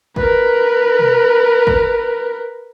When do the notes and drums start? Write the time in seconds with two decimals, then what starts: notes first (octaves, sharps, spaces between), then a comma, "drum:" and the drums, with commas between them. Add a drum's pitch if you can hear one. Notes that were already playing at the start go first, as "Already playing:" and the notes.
0.16 A#4 B4, drum: kick
0.99 drum: tom B2
1.67 drum: kick